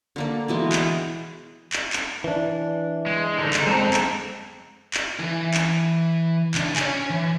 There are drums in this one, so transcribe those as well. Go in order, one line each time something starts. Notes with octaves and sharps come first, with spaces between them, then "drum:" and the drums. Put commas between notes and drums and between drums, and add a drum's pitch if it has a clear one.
D3 A#3 D5
B2 E3 G#3
drum: clap
drum: clap
drum: clap
E3 D4
G#3
D3 D#4
drum: clap
G#3 C4 A4 A#5
drum: clap
drum: clap
E3 E4
drum: clap
C#2 D4, drum: clap
C#5 G#5, drum: clap
E3